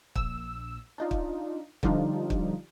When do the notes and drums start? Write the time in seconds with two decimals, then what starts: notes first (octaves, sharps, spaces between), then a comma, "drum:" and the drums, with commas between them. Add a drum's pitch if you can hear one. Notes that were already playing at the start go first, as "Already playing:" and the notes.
0.15 A#1 E6, drum: kick
0.98 D4 D#4 F4
1.11 drum: kick
1.83 D3 F3 G3 D4 D#4 F4, drum: kick
2.30 drum: kick